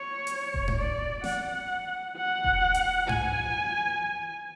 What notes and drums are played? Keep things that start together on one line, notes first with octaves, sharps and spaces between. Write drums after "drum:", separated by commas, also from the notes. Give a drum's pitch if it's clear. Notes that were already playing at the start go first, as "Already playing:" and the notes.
Already playing: C#5
drum: hi-hat
drum: kick E1
drum: tom G2
D5
F#5, drum: snare
F#5
drum: kick E1
drum: hi-hat
G#5, drum: tom G2